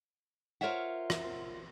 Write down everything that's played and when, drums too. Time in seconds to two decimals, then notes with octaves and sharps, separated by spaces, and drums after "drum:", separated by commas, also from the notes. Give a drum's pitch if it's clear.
0.61 F4 A#4 C5 C#5 E5 F#5
1.10 drum: rim click